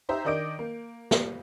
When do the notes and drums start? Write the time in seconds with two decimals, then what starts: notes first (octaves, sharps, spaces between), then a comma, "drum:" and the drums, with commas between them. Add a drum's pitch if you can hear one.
0.09 D#4 G4 C5 E5 A#5
0.25 D#3 D4 D#5 D6 G6 D7
0.59 A#3
1.11 G3, drum: snare